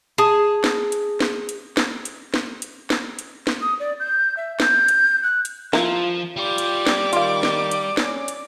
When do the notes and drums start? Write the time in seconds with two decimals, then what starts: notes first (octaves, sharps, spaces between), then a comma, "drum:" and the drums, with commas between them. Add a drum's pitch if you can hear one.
0.18 G#4 A5
0.64 drum: snare
0.92 drum: hi-hat
1.20 drum: snare
1.49 drum: hi-hat
1.77 drum: snare
2.05 drum: hi-hat
2.34 drum: snare
2.62 drum: hi-hat
2.90 drum: snare
3.19 drum: hi-hat
3.47 drum: snare
3.61 D#6
3.80 D5
4.00 G6
4.37 E5
4.60 G6, drum: snare
4.88 drum: hi-hat
5.23 F#6
5.45 drum: hi-hat
5.73 F3 E4 F4 A#4, drum: snare
6.36 G3 F4 D5 D6
6.58 drum: hi-hat
6.87 drum: snare
7.13 D#3 F4 F5, drum: hi-hat
7.43 drum: snare
7.71 drum: hi-hat
7.97 C#4, drum: snare
8.28 drum: hi-hat